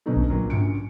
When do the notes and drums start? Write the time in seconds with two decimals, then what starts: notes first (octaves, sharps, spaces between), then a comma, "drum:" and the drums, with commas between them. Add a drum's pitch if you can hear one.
0.06 B2 D3 F#3 C#4 D#4 A4
0.16 drum: kick A#1
0.30 A#2 F#3
0.50 A#1 C#4 C#7 D7